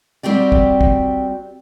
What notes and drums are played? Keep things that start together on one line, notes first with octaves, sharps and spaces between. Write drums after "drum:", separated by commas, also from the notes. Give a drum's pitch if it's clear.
G3 C4 F#4 G4 D5
drum: kick
drum: kick